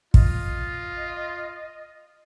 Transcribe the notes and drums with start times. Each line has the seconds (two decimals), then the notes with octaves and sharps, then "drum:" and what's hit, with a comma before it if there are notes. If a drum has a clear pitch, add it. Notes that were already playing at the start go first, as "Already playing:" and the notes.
0.14 F4 D#5, drum: kick